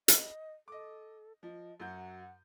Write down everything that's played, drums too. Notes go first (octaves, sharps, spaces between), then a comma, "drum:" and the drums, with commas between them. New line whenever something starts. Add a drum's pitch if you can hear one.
D#5, drum: hi-hat
A4 D#5 D6
F3 D#5
F#2 F#3 F#5 G6